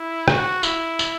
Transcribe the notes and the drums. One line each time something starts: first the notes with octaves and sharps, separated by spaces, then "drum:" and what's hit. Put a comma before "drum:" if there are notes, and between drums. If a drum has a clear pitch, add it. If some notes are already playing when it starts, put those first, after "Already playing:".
Already playing: E4
F#4, drum: rim click
E4, drum: tambourine
drum: tambourine